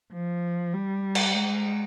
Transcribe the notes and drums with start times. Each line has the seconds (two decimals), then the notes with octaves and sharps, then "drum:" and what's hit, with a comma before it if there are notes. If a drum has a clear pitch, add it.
0.13 F3
0.73 G3
1.15 drum: cymbal
1.34 G#3